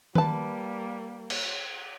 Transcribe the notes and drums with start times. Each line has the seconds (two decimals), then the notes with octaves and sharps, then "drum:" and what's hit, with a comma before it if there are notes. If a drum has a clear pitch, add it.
0.15 G3 A#3 B4 A5, drum: tom D#3
1.30 drum: cymbal